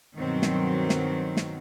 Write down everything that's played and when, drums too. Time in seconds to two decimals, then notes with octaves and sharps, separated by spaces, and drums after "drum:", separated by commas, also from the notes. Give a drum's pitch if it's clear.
0.18 G2 B2 D#3 F#3 C4
0.42 drum: snare
0.89 drum: snare
1.37 drum: snare